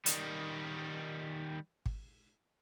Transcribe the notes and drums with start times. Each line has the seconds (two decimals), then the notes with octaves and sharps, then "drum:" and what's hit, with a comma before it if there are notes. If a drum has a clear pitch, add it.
0.06 D#3 G3, drum: hi-hat
1.86 drum: kick G#1